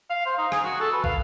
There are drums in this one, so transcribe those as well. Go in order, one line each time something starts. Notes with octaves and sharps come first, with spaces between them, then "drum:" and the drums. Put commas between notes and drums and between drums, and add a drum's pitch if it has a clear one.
F5
C5
D#4
G#4, drum: rim click
F#4
A4
B4
F5, drum: kick